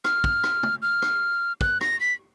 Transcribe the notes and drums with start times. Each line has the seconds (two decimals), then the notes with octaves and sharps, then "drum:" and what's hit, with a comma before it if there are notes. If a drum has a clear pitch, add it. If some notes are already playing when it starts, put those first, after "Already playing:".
0.04 F6, drum: rim click
0.24 drum: kick
0.44 drum: rim click
0.63 drum: tom
0.82 F6
1.02 drum: rim click
1.61 F#6, drum: kick
1.81 A#6, drum: rim click
2.00 B6